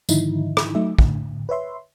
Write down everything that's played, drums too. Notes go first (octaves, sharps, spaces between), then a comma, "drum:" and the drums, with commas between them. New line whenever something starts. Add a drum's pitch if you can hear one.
G#2 D3 D#3 F3 D#4 E4, drum: tambourine
drum: rim click
F#3 A3 D#4 E5
A2 D3, drum: kick
B4 C#5 E5 C6